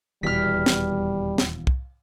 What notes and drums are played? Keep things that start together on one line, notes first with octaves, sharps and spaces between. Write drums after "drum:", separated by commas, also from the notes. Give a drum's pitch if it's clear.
D#1 E2 B2 G3 F6 B6
drum: snare
drum: snare
drum: kick